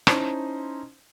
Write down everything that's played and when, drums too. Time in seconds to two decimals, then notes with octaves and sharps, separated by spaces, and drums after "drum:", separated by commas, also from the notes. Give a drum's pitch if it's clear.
0.07 C#4 D#4 E4 C5 A5 C6, drum: rim click